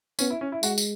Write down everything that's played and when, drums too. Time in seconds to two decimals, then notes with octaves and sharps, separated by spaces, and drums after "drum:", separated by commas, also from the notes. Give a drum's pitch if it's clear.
0.19 B3 C#4, drum: tambourine
0.30 E4
0.41 C#4
0.52 E4
0.63 G#3 F#4, drum: tambourine
0.78 drum: tambourine